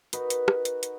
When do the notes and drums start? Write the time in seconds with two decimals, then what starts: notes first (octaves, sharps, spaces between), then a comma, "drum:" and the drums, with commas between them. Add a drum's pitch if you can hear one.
0.13 D#4 F#4 A#4 B4, drum: hi-hat
0.30 drum: hi-hat
0.48 drum: rim click
0.65 drum: hi-hat
0.83 drum: hi-hat